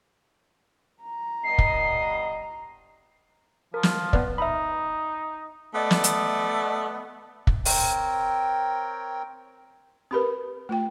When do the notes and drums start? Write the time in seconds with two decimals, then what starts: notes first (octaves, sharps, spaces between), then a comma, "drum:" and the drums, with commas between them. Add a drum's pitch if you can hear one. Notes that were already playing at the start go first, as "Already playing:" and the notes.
1.02 A#5
1.44 G2 B3 D#5 C7
1.58 drum: kick
3.74 F3 A#4
3.83 drum: snare
4.13 B3 B4 D5, drum: kick
4.38 D#4 E5 B5
5.75 A3 B3 D5 D#5
5.91 drum: snare
6.04 drum: hi-hat
7.47 drum: kick
7.65 C4 A#4 C#5 G5, drum: open hi-hat
10.11 C4 G4 A#4 B4 B5 D#6
10.69 A3 F4 G5